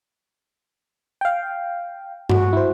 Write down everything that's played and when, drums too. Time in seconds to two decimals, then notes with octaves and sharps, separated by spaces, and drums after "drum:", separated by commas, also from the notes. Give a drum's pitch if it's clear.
1.21 F5 G5
2.30 F#4, drum: tom G2
2.53 E4 C5